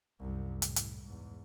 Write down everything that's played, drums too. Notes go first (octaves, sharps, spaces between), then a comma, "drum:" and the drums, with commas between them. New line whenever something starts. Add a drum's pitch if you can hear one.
C2 F#2
A2, drum: hi-hat
drum: hi-hat
E2 G#2